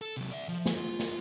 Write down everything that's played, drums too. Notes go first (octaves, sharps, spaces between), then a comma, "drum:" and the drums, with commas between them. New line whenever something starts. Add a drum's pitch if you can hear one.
A4
C3 F#3
D5 E5
F3
drum: snare
F4
drum: snare